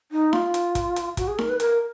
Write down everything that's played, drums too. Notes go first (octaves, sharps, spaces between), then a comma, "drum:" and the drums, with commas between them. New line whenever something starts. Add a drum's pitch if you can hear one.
D#4
F4, drum: snare D#4
drum: hi-hat
drum: kick, hi-hat
drum: hi-hat
F#4, drum: kick, hi-hat
G#4
A#4, drum: snare D#4
B4
A#4, drum: hi-hat